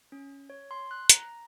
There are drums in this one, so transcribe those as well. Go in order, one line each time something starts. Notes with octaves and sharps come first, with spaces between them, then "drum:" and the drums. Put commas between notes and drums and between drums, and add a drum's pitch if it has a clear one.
C#4
C#5
C6
F#6
A#5, drum: hi-hat